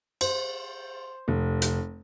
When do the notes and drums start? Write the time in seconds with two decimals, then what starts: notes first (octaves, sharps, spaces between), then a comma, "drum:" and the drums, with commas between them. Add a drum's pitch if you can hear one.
0.21 C5, drum: cymbal
1.28 F1
1.62 drum: hi-hat